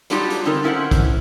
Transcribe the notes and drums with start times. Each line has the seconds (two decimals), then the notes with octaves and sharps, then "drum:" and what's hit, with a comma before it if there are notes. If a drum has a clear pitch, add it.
0.10 F#3 G3 D4 D#4 F4 G4, drum: hi-hat
0.30 drum: hi-hat
0.45 D3 C4 D#4 A4 A#4
0.64 C#4 E4 A#4 C5 F#5
0.91 drum: kick, hi-hat